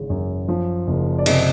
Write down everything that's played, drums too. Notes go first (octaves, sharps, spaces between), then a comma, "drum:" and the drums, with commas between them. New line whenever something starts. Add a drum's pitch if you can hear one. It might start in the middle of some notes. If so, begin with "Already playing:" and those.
Already playing: G#1 C#3 E3
F#2
F3
F#1
D5
C3 D#5, drum: cymbal